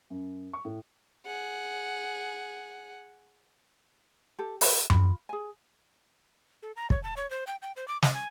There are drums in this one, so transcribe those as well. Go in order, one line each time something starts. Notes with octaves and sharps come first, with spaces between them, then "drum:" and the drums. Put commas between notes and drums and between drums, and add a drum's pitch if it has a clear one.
F#2
C#6
A2
G#4 F#5
G4 A4
F#4 B4, drum: open hi-hat
F4 B5, drum: tom F#2
G#4 G#5
A4
A#5
C#5, drum: kick
A5
C#5
C5
G5
G5
C5
D6
D#5, drum: snare
G#5